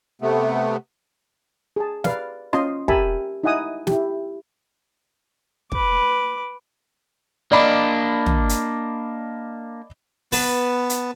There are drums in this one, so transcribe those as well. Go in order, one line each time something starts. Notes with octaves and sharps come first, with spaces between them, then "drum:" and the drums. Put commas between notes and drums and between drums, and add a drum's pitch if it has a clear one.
C3 A3 B3
G#4 A5
B4 D5 F5, drum: snare
C#4 F4 D#5 C6, drum: rim click
G4 A#4 E5 G#5 A5 B5, drum: kick
D#4 E4 D#5 F#5 G#5 D#6
E4 G4, drum: snare
B4 D6, drum: kick
A#3 D4 D5 D#5 B5
drum: tom
drum: hi-hat
B3 B4 A5, drum: open hi-hat
drum: hi-hat